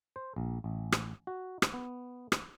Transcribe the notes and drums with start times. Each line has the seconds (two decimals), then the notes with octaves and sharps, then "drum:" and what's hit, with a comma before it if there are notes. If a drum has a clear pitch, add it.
0.16 C5
0.36 A#1
0.64 A1
0.92 drum: rim click
1.27 F#4
1.62 drum: rim click
1.74 B3
2.32 drum: rim click